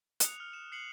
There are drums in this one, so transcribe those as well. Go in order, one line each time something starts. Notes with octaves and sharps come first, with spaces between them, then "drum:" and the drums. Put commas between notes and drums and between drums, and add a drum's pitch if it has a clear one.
D#6 F#6 C#7 F7, drum: hi-hat
F6
E7
F#6 C7 C#7 F#7